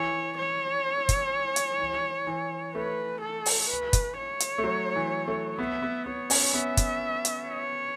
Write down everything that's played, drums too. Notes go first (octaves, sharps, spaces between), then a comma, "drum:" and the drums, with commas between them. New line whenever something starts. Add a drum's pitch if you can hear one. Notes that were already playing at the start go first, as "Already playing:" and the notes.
Already playing: E3 C#5
C#5
drum: kick, hi-hat
drum: hi-hat
E3
E3
A3 B4
A4
drum: open hi-hat
B4
drum: kick, hi-hat
C#5
drum: hi-hat
A3
F#3
E3
A3
B3 E5
B3
B3 C#5
C#4, drum: open hi-hat
B3 E5
drum: kick, hi-hat
drum: hi-hat
C#5